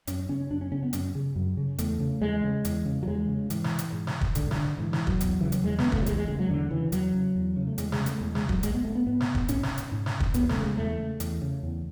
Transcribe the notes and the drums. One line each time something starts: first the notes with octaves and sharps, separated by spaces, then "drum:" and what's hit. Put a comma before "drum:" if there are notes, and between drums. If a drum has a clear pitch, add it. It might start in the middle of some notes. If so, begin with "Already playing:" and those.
F#2 C#4, drum: hi-hat
C#3 C#4
F#2 D4
C#4
C#3 C#4
B3
F#2 C#4, drum: hi-hat
C#3
F#2
C#3
E2 A3, drum: hi-hat
C#3
E2 G#3
C#3
E2, drum: hi-hat
C#3
F#3
E2 G#3
C#3
G#2 E3, drum: hi-hat
drum: snare
drum: hi-hat
G#2
drum: snare
drum: kick
G#2 D3, drum: hi-hat
E3, drum: snare
D3
G#2 E3
E3, drum: snare
F#3, drum: kick
E2, drum: hi-hat
C#3 E3
F#3, drum: hi-hat
E2 G#3
B3, drum: snare
C#3
A3, drum: kick
F#3
E2 G#3, drum: hi-hat
G#3
C#3 G#3
F#3
E2 D3
C#3 E3
E2 F#3, drum: hi-hat
C#3
E2
C#3
A3
E2 G#3, drum: hi-hat
G#3, drum: snare
C#3
A3, drum: hi-hat
E2 G#3
G#3, drum: snare
C#3
F#3, drum: kick
G#2 G#3, drum: hi-hat
B3
A3
B3
G#2 B3
drum: snare
drum: kick
G#2 C#4, drum: hi-hat
drum: snare
drum: hi-hat
G#2
drum: snare
drum: kick
E2 B3, drum: hi-hat
A3, drum: snare
C#3
G#3
E2 A3
C#3
E2, drum: hi-hat
C#3
E2